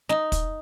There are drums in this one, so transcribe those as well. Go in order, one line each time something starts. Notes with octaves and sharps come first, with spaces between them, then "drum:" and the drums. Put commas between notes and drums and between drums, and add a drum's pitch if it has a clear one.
D#4, drum: snare
drum: kick, hi-hat